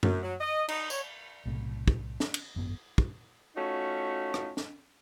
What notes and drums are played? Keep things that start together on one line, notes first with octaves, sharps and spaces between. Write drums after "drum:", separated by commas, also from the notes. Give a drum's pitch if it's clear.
F#2, drum: tom F#2
F#3
D#5
D#4, drum: cymbal
C#5, drum: tambourine
B1 A2 C3
drum: kick
drum: snare
drum: cymbal
G#1 F#2 B3
drum: kick
A3 C#4 D#4 F4 F#4
drum: rim click
drum: snare